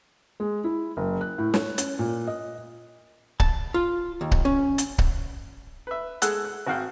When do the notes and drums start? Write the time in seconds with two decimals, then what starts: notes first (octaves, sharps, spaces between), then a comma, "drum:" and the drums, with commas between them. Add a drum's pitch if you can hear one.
0.40 G#3
0.64 E4
0.97 F#1
1.21 F#6
1.38 A2
1.54 C#5, drum: snare
1.78 C#4, drum: hi-hat
1.99 A#2
2.27 D#5
3.40 A5, drum: kick C#1
3.74 F4
4.21 D#2
4.31 drum: kick C#1
4.45 C#4
4.78 drum: hi-hat
4.98 drum: kick C#1
5.87 B4 E5
6.22 G#3 G#4 A4 F#5 E6 F#6, drum: hi-hat
6.45 F#6
6.67 G#1 F#4 F5 G5